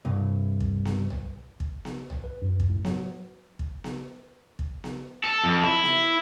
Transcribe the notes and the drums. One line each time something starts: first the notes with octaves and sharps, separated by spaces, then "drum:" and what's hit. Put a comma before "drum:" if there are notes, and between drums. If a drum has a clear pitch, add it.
C2 G2
drum: kick
drum: snare B3
drum: tom
drum: kick
drum: snare B3
drum: tom
B4
F#2
drum: kick
A2
F#3, drum: snare B3
drum: kick
drum: snare B3
drum: kick
drum: snare B3
A4
F2
E4
drum: snare B3